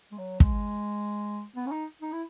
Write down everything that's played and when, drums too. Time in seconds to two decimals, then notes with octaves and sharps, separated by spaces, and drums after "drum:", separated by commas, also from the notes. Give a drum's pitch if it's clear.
0.12 G#3
0.18 F#3
0.40 G#3, drum: kick
1.56 B3
1.67 C#4
1.72 D#4
2.02 D#4
2.13 E4